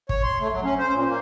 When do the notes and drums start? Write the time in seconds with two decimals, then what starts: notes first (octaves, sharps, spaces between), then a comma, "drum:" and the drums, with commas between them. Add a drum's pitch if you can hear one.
0.09 C#5, drum: kick G#1
0.23 C6
0.40 A3
0.53 F#3
0.65 C#4
0.79 C5
0.94 A#2
1.07 A#3